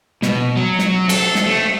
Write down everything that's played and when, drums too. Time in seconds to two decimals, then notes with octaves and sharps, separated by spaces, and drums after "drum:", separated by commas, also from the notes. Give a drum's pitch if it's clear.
0.22 B2, drum: snare
0.57 F#3
0.79 drum: snare
1.09 A4, drum: cymbal
1.35 drum: snare
1.46 A3